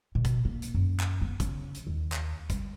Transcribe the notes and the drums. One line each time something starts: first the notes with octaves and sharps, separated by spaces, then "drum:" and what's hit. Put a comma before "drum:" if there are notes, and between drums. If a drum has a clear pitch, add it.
B2
drum: kick, hi-hat
A#3
drum: hi-hat
F#2
drum: clap
B3
C#3, drum: kick, hi-hat
drum: hi-hat
D#2
drum: clap
G3, drum: kick, hi-hat